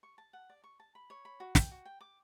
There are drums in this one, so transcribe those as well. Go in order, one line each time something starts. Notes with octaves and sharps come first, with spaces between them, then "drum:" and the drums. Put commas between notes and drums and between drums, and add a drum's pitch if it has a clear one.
C#6
A5
F#5
D5
C#6
A5
B5
C#5
B5
F#4
G5, drum: snare
F#4
G5
D6